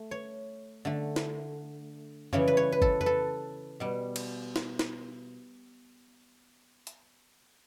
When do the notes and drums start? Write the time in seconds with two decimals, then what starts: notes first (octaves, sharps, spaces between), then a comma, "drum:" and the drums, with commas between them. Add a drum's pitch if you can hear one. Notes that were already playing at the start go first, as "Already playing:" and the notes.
Already playing: A3
0.11 C#5
0.85 D3 A3
1.16 drum: snare
2.33 C#3 E3 G3 C#5, drum: tom F2
2.47 B4
2.57 C#5
2.72 B4
2.82 A4, drum: kick
3.01 B4, drum: tom F2
3.06 A4
3.80 B2 G3
4.16 drum: cymbal
4.56 drum: snare
4.79 drum: snare
6.87 drum: hi-hat